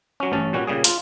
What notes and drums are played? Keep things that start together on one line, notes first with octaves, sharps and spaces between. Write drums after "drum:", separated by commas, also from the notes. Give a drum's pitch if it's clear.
F#3 C#4
A1 G2 C#4 A5
A#2 G3 C#4 F#4
A#2 C#3 G3 G#4
F4, drum: hi-hat